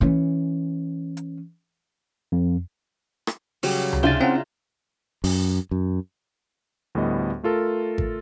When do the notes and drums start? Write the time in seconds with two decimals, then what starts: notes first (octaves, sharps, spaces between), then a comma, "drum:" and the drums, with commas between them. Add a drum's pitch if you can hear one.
0.01 E3 C#4
1.17 drum: hi-hat
2.32 F2
3.27 drum: rim click
3.63 C#3 F#3 G3, drum: open hi-hat
3.93 drum: tom C#2
4.03 C3 D4 E4 F4 G5 G#5 A6
4.21 C4 C#4 F#5 A#5
5.24 F#2, drum: open hi-hat
5.71 F#2
6.95 D2 A2 G3 B3 D#5
7.43 A3 F4 A4 A#4
7.98 drum: kick G#1